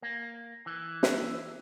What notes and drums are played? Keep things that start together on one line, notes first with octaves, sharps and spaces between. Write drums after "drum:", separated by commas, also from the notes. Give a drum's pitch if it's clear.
A#3
E3
drum: snare